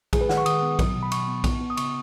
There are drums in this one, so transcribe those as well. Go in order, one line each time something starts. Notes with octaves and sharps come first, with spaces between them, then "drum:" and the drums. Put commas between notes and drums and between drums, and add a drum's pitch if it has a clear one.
G#3 G#4, drum: kick A#1, cymbal
B4
D#3 F#5, drum: snare
C#6
D#3 D#6, drum: cymbal
B3
F#3, drum: kick A#1, cymbal
B2
B5
B2 C#6, drum: cymbal
B3
B3, drum: kick A#1, cymbal
B3
D#6
C#3 C#6, drum: cymbal